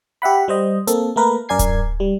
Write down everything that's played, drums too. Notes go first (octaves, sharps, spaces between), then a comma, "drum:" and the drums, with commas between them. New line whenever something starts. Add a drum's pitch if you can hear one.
G4 E5 F#5 B5
G3 C5 D#5
A#3 C4 A4, drum: hi-hat
A3 A#3 A#4 B4
F#2 A#4 D5 G#5 G#6 C7
drum: kick D1, hi-hat
G3